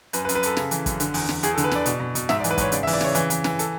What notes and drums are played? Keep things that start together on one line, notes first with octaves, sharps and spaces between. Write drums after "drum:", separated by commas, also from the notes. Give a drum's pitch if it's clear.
F#2 B4, drum: hi-hat
B4
F#2, drum: hi-hat
B4
F#2 A4, drum: hi-hat
C#3, drum: snare
E3, drum: hi-hat
F#2, drum: kick, hi-hat
D3, drum: hi-hat
E2, drum: open hi-hat
E2, drum: snare
E2 G#4, drum: hi-hat
A4
D3, drum: hi-hat
B4
D3 D5, drum: snare
B2, drum: hi-hat
B2
B2, drum: hi-hat
G#2 E5, drum: snare
D5
E3, drum: hi-hat
B4
G#2 C#5, drum: kick, hi-hat
C#3 D5, drum: hi-hat
E5
E3, drum: open hi-hat
D5
C#3 C#5, drum: snare
E3, drum: hi-hat
E3, drum: hi-hat
E3, drum: snare
A4, drum: hi-hat